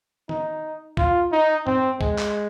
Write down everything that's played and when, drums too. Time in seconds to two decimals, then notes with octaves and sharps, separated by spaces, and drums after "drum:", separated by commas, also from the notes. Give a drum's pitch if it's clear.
0.29 D#4, drum: tom
0.97 F4, drum: kick C2
1.32 D#4
1.67 C4, drum: tom G2
2.01 G#3, drum: kick C2
2.18 drum: clap